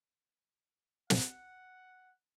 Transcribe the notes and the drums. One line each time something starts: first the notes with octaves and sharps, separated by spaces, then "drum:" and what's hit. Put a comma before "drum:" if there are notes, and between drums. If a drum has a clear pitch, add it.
F#5, drum: snare